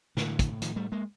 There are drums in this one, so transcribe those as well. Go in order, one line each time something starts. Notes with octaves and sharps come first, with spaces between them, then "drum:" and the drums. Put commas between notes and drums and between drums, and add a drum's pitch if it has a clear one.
A2 D3 E3, drum: snare
drum: kick, hi-hat
D#3 F3, drum: hi-hat
G3 A3
G#3 A#3